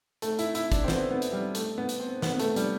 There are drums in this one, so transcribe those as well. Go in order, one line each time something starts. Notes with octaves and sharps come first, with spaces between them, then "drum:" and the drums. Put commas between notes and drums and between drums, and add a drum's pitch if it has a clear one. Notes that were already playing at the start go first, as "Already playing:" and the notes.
A3, drum: hi-hat
E4, drum: hi-hat
E4, drum: hi-hat
D4, drum: kick, hi-hat
C4
B3, drum: snare
B3
drum: hi-hat
G3
A3, drum: hi-hat
B3
drum: hi-hat
C4
B3, drum: snare
B3
A3, drum: hi-hat
G3, drum: hi-hat